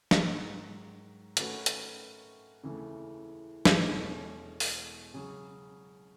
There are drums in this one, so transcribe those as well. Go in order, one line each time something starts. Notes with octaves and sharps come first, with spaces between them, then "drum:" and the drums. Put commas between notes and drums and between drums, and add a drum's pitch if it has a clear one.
G#2 D#3 F#3, drum: snare
D#3 A3 C#4 F#4 B4, drum: hi-hat
drum: hi-hat
D#2 C#3 E3 A3
drum: snare
E1 E2 B2 A3 C#4
drum: open hi-hat
C#3 F#3 C#4 G#4